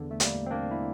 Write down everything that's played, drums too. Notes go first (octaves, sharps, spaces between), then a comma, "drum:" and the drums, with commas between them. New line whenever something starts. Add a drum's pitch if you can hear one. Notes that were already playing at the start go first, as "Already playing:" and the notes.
Already playing: E2 D3
A3
G3 A#3, drum: hi-hat
C4
A#3 D4
E4